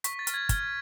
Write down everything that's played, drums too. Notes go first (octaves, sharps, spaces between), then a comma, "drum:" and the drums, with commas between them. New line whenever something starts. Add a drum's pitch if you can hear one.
C#6 B6, drum: hi-hat
A6
F6, drum: hi-hat
G#6
F6 G#6, drum: kick, hi-hat